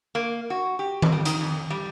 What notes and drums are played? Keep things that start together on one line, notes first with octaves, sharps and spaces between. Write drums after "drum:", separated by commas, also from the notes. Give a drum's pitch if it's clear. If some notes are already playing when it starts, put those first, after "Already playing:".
A#3
F#4
G4
drum: tom D#3
G3
D#3, drum: hi-hat
F2
G3